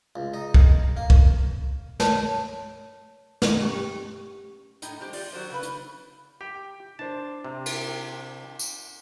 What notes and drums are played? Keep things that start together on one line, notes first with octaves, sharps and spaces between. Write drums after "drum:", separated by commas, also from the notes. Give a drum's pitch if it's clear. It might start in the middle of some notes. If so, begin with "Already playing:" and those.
C#2
D#4
drum: kick
A#3
drum: kick
C#5 A5, drum: snare
drum: snare
C#4 G4 G5 C#6
A2 D#4 G5, drum: hi-hat
G3 G#3 C4 G4
F4 D5, drum: open hi-hat
F#3 F#4 A#4 C5 D5
C#3 B4
drum: hi-hat
G4 G5
D4 C5 A5
C3
drum: cymbal
drum: tambourine